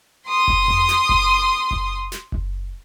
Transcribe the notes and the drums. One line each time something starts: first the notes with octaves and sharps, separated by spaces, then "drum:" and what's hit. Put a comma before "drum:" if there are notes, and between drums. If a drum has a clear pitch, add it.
C6 D#6
drum: kick F#1
drum: tom F2
drum: snare
drum: kick F#1
drum: kick F#1
drum: snare
drum: kick F#1